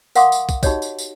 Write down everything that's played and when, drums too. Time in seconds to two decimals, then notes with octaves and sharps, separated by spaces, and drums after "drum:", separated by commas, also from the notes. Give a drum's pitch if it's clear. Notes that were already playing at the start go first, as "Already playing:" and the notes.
0.15 A#4 F5 F#5 C6 D6 D#6, drum: tambourine
0.32 drum: tambourine
0.49 drum: kick, tambourine
0.63 D#4 F#4 G4 C#5 D#5, drum: kick, tambourine
0.82 drum: tambourine
0.99 drum: tambourine